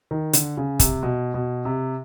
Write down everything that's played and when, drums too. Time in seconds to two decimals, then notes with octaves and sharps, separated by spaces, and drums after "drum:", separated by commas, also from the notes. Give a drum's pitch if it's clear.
0.11 D#3
0.33 D3, drum: hi-hat
0.57 C#3
0.80 C3, drum: kick, hi-hat
1.03 B2
1.34 B2
1.65 C3